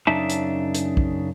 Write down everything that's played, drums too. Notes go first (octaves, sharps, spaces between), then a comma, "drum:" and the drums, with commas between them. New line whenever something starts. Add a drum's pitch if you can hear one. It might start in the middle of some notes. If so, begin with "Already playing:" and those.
F#2 C#3 D4 D#4 E5 A5
drum: hi-hat
drum: hi-hat
drum: kick